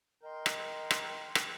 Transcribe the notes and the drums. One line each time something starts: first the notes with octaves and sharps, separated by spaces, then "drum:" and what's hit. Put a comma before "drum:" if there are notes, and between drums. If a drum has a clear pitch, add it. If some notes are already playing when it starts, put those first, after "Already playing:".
A#4 D#5 G5 C6
drum: rim click
drum: rim click
drum: rim click